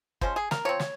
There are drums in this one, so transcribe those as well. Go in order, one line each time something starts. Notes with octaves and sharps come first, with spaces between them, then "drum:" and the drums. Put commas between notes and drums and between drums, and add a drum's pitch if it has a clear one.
F3 G#3 C#4 C5, drum: kick
G#4
A#4, drum: snare
F3 C4 C#5
drum: snare